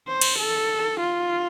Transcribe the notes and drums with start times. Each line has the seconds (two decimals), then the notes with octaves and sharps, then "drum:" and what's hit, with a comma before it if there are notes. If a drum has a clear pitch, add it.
0.08 C5
0.21 drum: cymbal
0.39 A4
1.01 F4